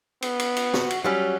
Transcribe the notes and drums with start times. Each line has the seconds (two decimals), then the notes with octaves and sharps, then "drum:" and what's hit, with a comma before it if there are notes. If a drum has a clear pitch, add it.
0.22 B3, drum: cymbal
0.40 drum: cymbal
0.57 drum: cymbal
0.74 F#4, drum: snare
0.91 drum: cymbal
1.04 F#3 G3 C#4